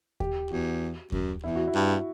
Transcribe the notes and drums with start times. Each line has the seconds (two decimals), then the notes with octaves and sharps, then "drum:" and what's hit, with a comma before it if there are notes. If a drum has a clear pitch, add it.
0.20 G4, drum: kick D#2
0.51 E2 F#4
1.12 F#2, drum: kick D#2
1.44 E2 E4
1.55 F#4
1.68 E4
1.75 G2